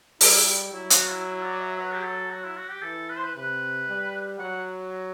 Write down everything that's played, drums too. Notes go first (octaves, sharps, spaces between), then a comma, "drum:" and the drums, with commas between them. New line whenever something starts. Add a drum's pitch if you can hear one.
G3 E4, drum: open hi-hat
F#3 E4
F#4, drum: hi-hat
E4
E4
D5
E5
B4
G4
A4
F#4
E4
F#4
G4
E3 A4
B4
C5
B4
C3 B4
G3
F#3 F#5